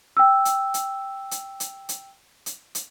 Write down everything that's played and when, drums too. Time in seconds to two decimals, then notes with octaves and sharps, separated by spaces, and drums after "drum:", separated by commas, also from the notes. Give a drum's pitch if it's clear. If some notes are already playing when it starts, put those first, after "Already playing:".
0.17 G5 E6
0.45 drum: hi-hat
0.74 drum: hi-hat
1.31 drum: hi-hat
1.60 drum: hi-hat
1.89 drum: hi-hat
2.46 drum: hi-hat
2.75 drum: hi-hat